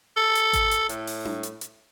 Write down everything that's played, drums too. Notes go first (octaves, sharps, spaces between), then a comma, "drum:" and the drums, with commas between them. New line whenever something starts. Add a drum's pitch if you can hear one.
A4
drum: hi-hat
drum: kick G#1, hi-hat
drum: hi-hat
A2, drum: hi-hat
drum: open hi-hat
drum: tom D4
drum: hi-hat
drum: hi-hat